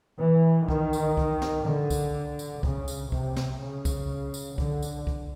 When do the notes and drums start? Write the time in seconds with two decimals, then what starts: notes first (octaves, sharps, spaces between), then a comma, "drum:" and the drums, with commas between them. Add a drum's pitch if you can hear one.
0.20 E3
0.68 D#3, drum: kick C2
0.93 drum: tambourine
1.17 drum: kick C2
1.42 drum: snare
1.66 D3
1.90 drum: kick C2, tambourine
2.39 drum: tambourine
2.63 C#3, drum: kick C2
2.88 drum: tambourine
3.12 C3, drum: kick C2
3.36 drum: snare
3.61 C#3
3.85 drum: kick C2, tambourine
4.34 drum: tambourine
4.58 D3, drum: kick C2
4.83 drum: tambourine
5.07 drum: kick C2